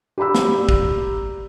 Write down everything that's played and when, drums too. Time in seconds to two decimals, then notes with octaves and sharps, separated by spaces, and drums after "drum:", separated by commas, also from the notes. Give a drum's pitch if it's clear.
0.18 G4 D5 A#5 B5 E6
0.35 drum: snare
0.69 drum: kick